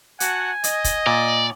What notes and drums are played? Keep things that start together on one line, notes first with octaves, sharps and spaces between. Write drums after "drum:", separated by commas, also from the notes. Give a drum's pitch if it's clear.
F#4 F#5 G#5 A5, drum: hi-hat
D#5, drum: hi-hat
drum: kick, hi-hat
A#2 D5